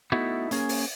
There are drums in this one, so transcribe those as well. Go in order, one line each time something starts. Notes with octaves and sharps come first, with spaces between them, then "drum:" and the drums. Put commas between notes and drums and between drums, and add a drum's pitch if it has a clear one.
A3 B3 D#4 E4 F#4 A4
A#3 C#4 G#4, drum: hi-hat
drum: open hi-hat